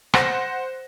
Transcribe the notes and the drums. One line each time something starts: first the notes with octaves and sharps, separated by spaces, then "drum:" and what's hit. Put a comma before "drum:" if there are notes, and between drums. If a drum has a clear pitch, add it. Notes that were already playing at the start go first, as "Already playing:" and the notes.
C5 F#5 A#6, drum: rim click